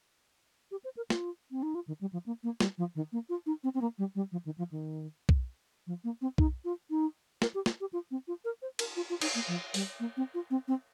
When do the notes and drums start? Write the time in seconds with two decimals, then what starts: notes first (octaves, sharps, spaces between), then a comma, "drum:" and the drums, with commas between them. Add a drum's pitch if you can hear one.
0.71 G4
0.84 C5
0.97 A#4
1.10 F4, drum: snare
1.51 C4
1.63 D#4
1.75 F4
1.87 D#3
2.01 G3
2.13 F3
2.26 A#3
2.43 A#3
2.60 G3, drum: snare
2.78 F3
2.95 D#3
3.12 A#3
3.29 F4
3.46 D#4
3.64 C4
3.74 C4
3.81 A#3
3.98 G3
4.15 G3
4.32 F3
4.45 D#3
4.58 F3
4.71 D#3
5.29 drum: kick B1
5.87 F3
6.04 A#3
6.21 C4
6.38 D#4, drum: kick B1
6.65 F4
6.90 D#4
7.42 A#4, drum: snare
7.54 G4
7.66 drum: snare
7.81 G4
7.93 F4
8.11 C4
8.28 F4
8.45 A#4
8.62 C5
8.79 A#4, drum: cymbal
8.96 F4
9.10 F4
9.21 D#4, drum: cymbal
9.35 A#3
9.48 F3
9.74 G3, drum: open hi-hat
10.00 A#3
10.17 C4
10.34 F4
10.50 C4
10.68 C4